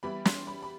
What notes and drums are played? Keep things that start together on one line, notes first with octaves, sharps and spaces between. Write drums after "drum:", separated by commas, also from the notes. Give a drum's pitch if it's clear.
E3 G3 B3 E4 B5
C6, drum: snare
B5
B5